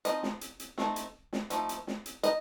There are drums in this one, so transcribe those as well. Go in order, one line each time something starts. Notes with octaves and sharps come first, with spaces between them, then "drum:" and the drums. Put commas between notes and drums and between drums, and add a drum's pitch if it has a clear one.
F3 C4 D#4 D#5, drum: hi-hat
drum: snare
drum: hi-hat
drum: hi-hat
A3 C4 D#4, drum: snare
drum: hi-hat
drum: snare
F3 A3 D#4, drum: hi-hat
drum: hi-hat
drum: snare
drum: hi-hat
D#4 D#5, drum: hi-hat